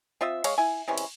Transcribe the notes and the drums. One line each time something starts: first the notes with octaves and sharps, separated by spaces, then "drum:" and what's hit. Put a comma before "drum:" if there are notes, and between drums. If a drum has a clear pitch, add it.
C4 F4 D#5 E5
G#3 C#5 F5, drum: cymbal
E4 G#5
C3 E3 G#3 C#4
drum: cymbal